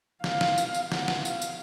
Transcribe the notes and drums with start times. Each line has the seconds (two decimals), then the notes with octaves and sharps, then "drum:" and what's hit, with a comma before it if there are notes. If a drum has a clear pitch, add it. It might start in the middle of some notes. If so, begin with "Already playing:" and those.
0.24 F5, drum: snare
0.41 drum: snare
0.58 drum: tambourine
0.74 drum: tambourine
0.92 F#5, drum: snare
1.08 drum: snare
1.25 F5, drum: tambourine
1.42 drum: tambourine